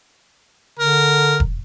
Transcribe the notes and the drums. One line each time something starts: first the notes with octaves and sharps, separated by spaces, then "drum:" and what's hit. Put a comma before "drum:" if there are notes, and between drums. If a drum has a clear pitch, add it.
D3 A#4
drum: kick E1